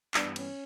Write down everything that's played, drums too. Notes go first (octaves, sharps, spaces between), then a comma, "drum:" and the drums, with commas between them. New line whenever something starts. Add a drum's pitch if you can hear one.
G2 E3 G3 B3 D4, drum: clap
C#4, drum: cymbal